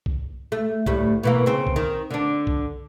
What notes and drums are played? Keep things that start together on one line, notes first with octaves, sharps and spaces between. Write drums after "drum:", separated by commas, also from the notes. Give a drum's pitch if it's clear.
drum: kick B1
A3
D2 A2 G3, drum: kick B1
B2 E3 A#3
C#3 C4
drum: kick B1
D#3
D3 D4
drum: kick B1